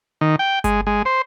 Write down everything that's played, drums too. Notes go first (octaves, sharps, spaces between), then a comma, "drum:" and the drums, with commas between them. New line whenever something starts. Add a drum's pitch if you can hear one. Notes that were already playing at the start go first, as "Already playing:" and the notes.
D#3
G5
G#3, drum: kick G1, hi-hat
G#3
C5